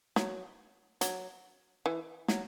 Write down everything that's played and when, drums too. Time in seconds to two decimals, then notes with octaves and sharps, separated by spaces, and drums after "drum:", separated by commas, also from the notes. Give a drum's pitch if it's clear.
0.16 F#3, drum: snare
1.01 F#3, drum: hi-hat
1.86 E3
2.28 F#3, drum: snare